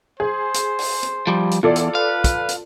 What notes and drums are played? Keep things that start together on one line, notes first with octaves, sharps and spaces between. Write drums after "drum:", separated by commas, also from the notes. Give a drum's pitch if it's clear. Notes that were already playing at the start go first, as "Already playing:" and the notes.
G#4 C5
drum: hi-hat
drum: open hi-hat
drum: hi-hat
F3 G3
drum: hi-hat
E2 F4 A4 D5
drum: hi-hat
B4 F5
drum: kick, hi-hat
drum: hi-hat